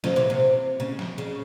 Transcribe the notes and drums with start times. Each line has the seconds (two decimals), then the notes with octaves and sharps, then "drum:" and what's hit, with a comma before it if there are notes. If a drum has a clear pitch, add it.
0.04 C#3 F3, drum: snare
0.16 C3 E3
0.30 C3
0.80 C#3
0.99 drum: snare
1.18 C#3